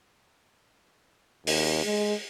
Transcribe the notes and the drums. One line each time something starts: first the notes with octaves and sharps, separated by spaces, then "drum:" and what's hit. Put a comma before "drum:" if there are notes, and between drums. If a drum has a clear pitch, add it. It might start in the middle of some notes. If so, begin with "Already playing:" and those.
D#2, drum: open hi-hat
G#3